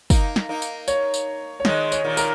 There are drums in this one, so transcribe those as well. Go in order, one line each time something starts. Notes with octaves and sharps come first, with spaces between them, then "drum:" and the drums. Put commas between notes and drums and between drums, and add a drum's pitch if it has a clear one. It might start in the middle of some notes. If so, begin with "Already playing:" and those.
A#3 D#4, drum: kick, tambourine
drum: snare
A#3 D#4
drum: tambourine
C#5, drum: tambourine
drum: tambourine
C#5
D#3 G#3 D#5, drum: snare
C#5, drum: tambourine
A#2 D#3
A#4, drum: tambourine